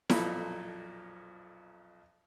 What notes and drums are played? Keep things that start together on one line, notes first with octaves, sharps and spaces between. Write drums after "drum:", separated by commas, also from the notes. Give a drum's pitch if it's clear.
B1 F2 A#2 A4 B5, drum: snare E4